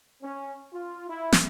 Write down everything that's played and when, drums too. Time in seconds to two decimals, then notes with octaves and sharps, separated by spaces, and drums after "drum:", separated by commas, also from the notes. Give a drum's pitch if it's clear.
0.22 C#4
0.72 F4
1.07 E4
1.32 drum: snare